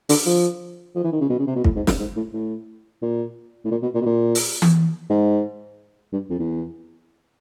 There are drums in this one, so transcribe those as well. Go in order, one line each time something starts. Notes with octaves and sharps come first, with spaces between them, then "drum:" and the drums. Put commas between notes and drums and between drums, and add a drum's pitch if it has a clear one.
D3, drum: open hi-hat
F3
F3
E3
D#3
C#3
B2
C#3
C3
B2
A2, drum: kick
G#2
G2, drum: snare
G#2
A2
A2
A#2
A2
A#2
B2
A#2
B2
A#2
drum: open hi-hat
drum: tom E3
G#2
G2
F2
E2